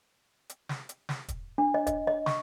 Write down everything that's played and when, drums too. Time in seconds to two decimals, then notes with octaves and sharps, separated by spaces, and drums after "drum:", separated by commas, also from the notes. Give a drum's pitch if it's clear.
0.49 drum: hi-hat
0.69 drum: snare
0.89 drum: hi-hat
1.09 drum: snare
1.28 drum: kick, hi-hat
1.58 D4
1.74 D#5
1.87 D#5, drum: kick, hi-hat
2.07 D#5
2.26 C#6, drum: snare